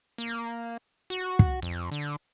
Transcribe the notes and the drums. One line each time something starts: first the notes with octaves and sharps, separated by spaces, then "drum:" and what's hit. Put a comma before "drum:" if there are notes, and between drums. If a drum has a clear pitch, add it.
A#3
F#4
drum: kick
F2
D3